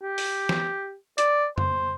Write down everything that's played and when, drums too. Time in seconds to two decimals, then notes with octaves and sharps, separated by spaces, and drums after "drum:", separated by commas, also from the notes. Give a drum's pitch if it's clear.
0.02 G4
0.18 drum: open hi-hat
0.49 drum: snare
1.18 D5, drum: hi-hat
1.58 C5, drum: tom